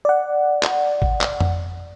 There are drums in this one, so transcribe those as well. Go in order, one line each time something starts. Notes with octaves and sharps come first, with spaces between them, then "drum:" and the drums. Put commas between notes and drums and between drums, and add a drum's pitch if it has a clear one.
D5 F#5
drum: clap
drum: kick G#1
drum: clap
drum: tom F2